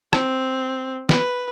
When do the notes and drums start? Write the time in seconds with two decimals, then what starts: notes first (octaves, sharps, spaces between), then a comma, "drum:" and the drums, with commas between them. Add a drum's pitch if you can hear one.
0.13 C4, drum: rim click
1.09 B4, drum: snare